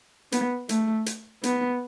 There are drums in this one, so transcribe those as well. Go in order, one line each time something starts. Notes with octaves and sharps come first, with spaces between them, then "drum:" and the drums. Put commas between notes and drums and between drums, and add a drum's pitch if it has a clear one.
B3, drum: hi-hat
A3, drum: hi-hat
drum: hi-hat
B3, drum: hi-hat